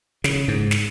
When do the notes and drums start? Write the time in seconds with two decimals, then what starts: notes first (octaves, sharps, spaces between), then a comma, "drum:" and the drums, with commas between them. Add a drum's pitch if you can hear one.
0.24 C#3, drum: snare
0.48 G#2
0.71 drum: snare